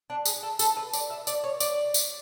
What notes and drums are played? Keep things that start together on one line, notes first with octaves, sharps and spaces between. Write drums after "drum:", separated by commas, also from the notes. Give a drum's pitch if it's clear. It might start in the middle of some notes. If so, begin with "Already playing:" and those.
D4
G#4, drum: tambourine
A4
A4, drum: tambourine
B4
D5, drum: tambourine
E5
D5, drum: tambourine
C#5
D5, drum: tambourine
drum: tambourine